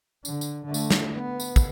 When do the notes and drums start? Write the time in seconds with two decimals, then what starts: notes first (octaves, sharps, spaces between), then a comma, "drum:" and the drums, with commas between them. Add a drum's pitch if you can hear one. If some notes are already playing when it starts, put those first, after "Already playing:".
0.25 D3, drum: tambourine
0.41 drum: tambourine
0.65 D3 A3
0.74 drum: tambourine
0.90 drum: snare
1.14 B3
1.40 drum: tambourine
1.56 drum: kick, tambourine